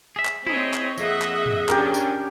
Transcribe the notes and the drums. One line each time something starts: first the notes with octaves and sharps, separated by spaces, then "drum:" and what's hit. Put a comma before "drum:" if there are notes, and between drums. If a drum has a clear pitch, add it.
G#4 E5
drum: clap
C4 E4 G#4 C#5 D#5, drum: tom
drum: clap
F2 A#3 G#4 D#5 E5 F#5, drum: tambourine
drum: clap
drum: tom
C#4 D4 G4 A#4, drum: clap
drum: tambourine